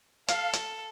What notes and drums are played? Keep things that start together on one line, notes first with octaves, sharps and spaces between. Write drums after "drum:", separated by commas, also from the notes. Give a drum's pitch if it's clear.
A4 F5, drum: hi-hat
drum: hi-hat